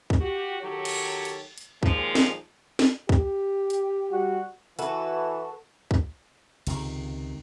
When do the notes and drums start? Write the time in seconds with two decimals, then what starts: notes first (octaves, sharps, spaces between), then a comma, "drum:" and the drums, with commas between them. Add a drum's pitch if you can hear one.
0.10 drum: kick
0.21 F#4 G4
0.61 D#3 F#3 G4 A4 C#5
0.85 drum: cymbal
1.25 drum: hi-hat
1.58 drum: hi-hat
1.83 D#2 A#2 F3 G#3, drum: kick
2.15 drum: snare
2.79 drum: snare
3.09 G4, drum: kick
3.70 drum: hi-hat
4.11 G3 F#4
4.79 E3 F#4 A4 B4, drum: hi-hat
5.91 drum: kick
6.67 C#2 C3 D#3, drum: cymbal